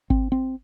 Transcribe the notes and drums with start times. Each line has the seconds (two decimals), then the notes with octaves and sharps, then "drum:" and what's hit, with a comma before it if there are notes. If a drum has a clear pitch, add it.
0.10 C4, drum: kick G#1
0.32 C4